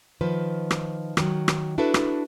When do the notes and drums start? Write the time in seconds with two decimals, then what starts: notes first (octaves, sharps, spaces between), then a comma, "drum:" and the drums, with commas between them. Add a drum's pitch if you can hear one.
0.21 D#3 F3 B4 C5
0.71 drum: rim click
1.17 D#3 F#3, drum: rim click
1.48 drum: rim click
1.78 D4 E4 F#4 A4 B4 E5
1.94 drum: rim click